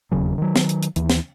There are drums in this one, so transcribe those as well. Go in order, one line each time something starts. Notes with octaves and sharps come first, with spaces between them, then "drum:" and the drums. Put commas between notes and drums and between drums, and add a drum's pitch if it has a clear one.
E1 D#2 C#3 F#3
D#3 F#3
drum: snare
drum: hi-hat
drum: hi-hat
D#2 E3, drum: hi-hat
drum: snare